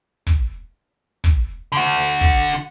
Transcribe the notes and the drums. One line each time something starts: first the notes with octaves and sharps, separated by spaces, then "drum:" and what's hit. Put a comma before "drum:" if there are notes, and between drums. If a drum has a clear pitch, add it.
drum: kick, hi-hat
drum: kick, hi-hat
D3 F#4
drum: kick, hi-hat